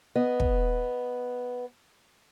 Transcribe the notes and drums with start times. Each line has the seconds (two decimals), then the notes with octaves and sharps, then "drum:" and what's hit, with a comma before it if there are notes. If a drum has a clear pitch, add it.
0.15 B3 D#5
0.40 drum: kick